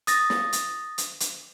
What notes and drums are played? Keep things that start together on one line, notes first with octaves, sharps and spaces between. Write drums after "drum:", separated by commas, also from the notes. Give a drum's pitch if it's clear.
D#6 A6 A#6, drum: hi-hat
drum: snare
drum: hi-hat
drum: hi-hat
drum: hi-hat